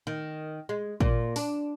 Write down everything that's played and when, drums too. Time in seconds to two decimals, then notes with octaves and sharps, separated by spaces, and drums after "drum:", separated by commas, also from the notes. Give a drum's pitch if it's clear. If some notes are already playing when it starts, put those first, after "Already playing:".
0.07 D#3
0.69 G#3
1.00 A#2, drum: kick
1.36 D4, drum: open hi-hat